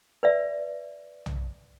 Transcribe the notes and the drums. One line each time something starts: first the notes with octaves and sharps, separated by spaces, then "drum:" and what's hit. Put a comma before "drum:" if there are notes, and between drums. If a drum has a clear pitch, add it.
B4 D5 E5
drum: tom B1